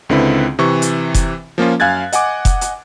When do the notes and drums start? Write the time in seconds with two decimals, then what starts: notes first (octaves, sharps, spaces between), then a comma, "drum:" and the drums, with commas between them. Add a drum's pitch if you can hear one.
0.09 C#2 D3 C4 E4 B4
0.59 C3 E3 C#6
0.82 drum: hi-hat
1.14 drum: kick F1, hi-hat
1.58 F3 A#3 C#4 F4
1.80 F#2 F5 G#5 F#6 G#6 A6
2.12 D#5 F#5 G#5 D6, drum: hi-hat
2.45 drum: kick F1, hi-hat
2.61 drum: hi-hat